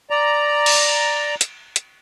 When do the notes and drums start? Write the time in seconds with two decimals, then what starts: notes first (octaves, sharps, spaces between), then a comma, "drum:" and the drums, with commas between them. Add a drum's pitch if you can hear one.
0.10 D5 A#5
0.66 drum: cymbal
1.41 drum: hi-hat
1.76 drum: hi-hat